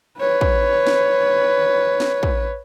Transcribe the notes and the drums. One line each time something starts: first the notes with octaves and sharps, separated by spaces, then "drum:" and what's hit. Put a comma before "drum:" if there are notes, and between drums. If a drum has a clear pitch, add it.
B4 C#5
drum: kick
drum: snare
drum: snare
drum: kick